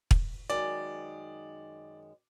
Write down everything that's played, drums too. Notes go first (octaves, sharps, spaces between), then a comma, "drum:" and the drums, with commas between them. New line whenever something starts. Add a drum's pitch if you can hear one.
drum: kick
F#2 D#3 G#3 D5